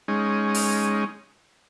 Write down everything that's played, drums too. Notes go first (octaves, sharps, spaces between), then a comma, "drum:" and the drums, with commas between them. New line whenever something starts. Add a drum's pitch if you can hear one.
G#3 C#4 D#4
drum: open hi-hat